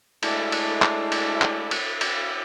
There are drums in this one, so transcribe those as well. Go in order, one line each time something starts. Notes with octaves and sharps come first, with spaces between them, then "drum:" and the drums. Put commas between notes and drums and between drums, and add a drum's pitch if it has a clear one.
G#3 A3 D4 E4 D5, drum: cymbal
drum: cymbal
drum: clap
drum: cymbal
drum: clap
drum: cymbal
drum: cymbal